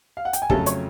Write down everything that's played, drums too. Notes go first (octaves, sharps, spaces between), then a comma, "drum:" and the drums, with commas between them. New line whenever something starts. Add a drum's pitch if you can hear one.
F5
F#5
G5, drum: hi-hat
G#5
F2 C#3 F#3 A3 A4 A5, drum: kick
C#5 C#6, drum: hi-hat